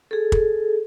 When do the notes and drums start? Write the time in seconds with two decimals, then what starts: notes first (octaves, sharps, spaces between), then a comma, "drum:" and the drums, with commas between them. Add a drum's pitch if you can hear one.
0.11 G#4 A4
0.32 drum: kick